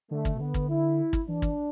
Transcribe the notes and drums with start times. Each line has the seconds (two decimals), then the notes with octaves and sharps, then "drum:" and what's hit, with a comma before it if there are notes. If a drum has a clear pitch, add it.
0.11 D3 A3
0.25 drum: kick
0.35 B2
0.40 D3 B3
0.54 drum: kick
0.69 E4
1.13 drum: kick
1.28 E3 D4
1.42 drum: kick